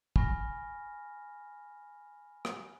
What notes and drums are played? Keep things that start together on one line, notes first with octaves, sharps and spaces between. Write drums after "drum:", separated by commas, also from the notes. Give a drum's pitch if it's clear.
G#5 B5 C#6 F6 A#6, drum: kick
drum: rim click